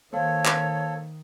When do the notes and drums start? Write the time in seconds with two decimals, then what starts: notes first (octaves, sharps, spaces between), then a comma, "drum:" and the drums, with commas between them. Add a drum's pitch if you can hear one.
0.13 D#3 A#3 A4 C5 C#5 F5
0.45 drum: clap